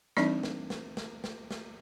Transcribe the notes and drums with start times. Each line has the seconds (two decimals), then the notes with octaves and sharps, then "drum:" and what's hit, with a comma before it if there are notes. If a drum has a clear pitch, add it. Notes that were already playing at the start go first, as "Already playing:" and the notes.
0.17 E3 G3 C4 D4 D#4 D5, drum: snare
0.43 drum: snare
0.70 drum: snare
0.97 drum: snare
1.24 drum: snare
1.51 drum: snare